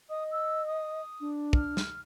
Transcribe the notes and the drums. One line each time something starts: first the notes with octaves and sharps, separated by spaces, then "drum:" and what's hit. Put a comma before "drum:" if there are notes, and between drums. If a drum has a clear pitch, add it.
D#5 D#6
E6
D#6
D4
F6, drum: kick
drum: snare